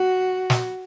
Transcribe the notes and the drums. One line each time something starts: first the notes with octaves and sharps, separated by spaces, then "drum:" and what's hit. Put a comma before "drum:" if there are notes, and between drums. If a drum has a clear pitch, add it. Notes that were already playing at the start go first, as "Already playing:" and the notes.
Already playing: F#4
drum: snare